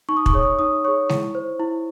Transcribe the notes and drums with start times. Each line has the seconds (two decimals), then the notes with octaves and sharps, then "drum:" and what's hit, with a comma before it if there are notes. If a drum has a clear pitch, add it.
0.09 D#4 C#6
0.17 D#6
0.26 C#6, drum: kick
0.33 G#4 C#5 D#6
0.43 C#6
0.59 D#4 D#6
0.84 G#4 C#5 C#6
1.09 E4, drum: snare
1.35 C5
1.60 E4